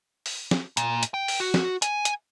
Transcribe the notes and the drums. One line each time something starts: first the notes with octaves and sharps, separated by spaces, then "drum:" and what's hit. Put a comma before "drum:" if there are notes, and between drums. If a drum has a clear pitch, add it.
drum: open hi-hat
drum: snare
A#2, drum: hi-hat
drum: hi-hat
G5
drum: open hi-hat
F#4
drum: snare
G#5, drum: hi-hat
drum: hi-hat